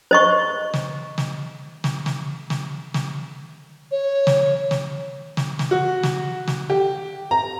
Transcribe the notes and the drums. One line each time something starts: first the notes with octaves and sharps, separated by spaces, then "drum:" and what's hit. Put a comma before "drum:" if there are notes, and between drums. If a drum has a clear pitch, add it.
C5 D#5 C#6
drum: snare
drum: snare
drum: snare
drum: snare
drum: snare
drum: snare
C#5
drum: snare
drum: snare
drum: snare
drum: snare
F#4
drum: snare
drum: snare
G4
A#5